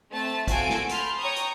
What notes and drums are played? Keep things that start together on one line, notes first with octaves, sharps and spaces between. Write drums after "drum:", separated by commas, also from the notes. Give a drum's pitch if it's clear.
A3 C4 A5
C4 F#4 A4 F5 G#5 D7, drum: kick, hi-hat
drum: snare
A5 B5 C6 F6 G6, drum: hi-hat
C#5 G5 A#5 C#6 D#6 G6
drum: hi-hat